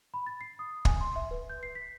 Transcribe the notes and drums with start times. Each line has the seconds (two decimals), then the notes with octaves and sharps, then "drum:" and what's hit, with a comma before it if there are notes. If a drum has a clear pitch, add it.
0.14 B5
0.26 A6
0.41 C7
0.59 D#6
0.85 G#5, drum: kick
1.01 C6
1.16 E5
1.31 B4
1.49 G6
1.63 C7
1.75 B6